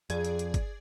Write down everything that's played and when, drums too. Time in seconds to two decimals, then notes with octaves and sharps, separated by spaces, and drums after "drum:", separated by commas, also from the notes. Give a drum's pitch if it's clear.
0.10 F2 G#4 D5 G#6, drum: hi-hat
0.24 drum: hi-hat
0.39 drum: hi-hat
0.54 drum: kick G1, hi-hat